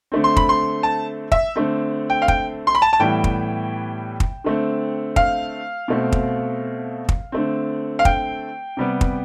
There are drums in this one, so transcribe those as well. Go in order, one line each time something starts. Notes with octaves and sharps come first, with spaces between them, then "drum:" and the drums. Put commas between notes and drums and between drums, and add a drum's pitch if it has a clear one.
D3 A3 C4
C6
B5, drum: kick
C6
A5
E5, drum: kick
D3 A3 C4
G5
F5
G5, drum: kick
C6
B5
A5
A5
A2 E3 G3 B3 G5
drum: kick
drum: kick
D3 A3 C4
F5, drum: kick
B2 A3 C4
drum: kick
drum: kick
D3 A3 C4
F5
G5, drum: kick
C3 G3 B3
drum: kick